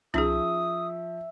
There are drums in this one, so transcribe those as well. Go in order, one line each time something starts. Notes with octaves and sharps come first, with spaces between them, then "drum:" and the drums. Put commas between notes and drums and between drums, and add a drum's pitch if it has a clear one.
F3 C#4 D#4 G#4 E5 D#6, drum: tom C2